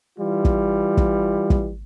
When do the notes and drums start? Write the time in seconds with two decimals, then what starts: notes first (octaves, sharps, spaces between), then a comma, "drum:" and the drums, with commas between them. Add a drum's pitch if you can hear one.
0.18 E3 G3 F4
0.45 drum: kick
0.97 drum: kick
1.50 drum: kick